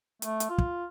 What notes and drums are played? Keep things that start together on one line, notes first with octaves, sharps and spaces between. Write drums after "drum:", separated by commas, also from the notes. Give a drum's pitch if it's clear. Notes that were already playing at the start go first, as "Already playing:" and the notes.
A3, drum: hi-hat
drum: hi-hat
F4
drum: kick